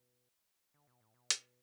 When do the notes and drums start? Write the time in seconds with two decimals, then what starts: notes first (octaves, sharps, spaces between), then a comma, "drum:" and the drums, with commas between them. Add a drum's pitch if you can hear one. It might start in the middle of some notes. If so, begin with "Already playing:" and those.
Already playing: B2
0.74 D3
0.87 B2
1.01 A2
1.14 B2
1.30 drum: hi-hat